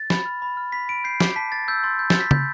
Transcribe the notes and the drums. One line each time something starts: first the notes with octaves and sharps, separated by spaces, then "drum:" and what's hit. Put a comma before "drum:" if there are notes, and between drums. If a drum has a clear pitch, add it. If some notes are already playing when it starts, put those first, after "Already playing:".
Already playing: A6
B5, drum: snare
F6
B5
F6
B5 B6
B5 D7
G6 C7
D6, drum: snare
A5 B6
A5 A6
E6 G6
C6 A6
B5 G6
A6, drum: snare
F6
B6
B5 G6, drum: tom